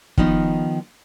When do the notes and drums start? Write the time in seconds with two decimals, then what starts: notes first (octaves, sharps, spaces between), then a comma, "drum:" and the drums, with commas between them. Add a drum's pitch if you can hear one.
0.18 D#3 F3 B3 D#4, drum: kick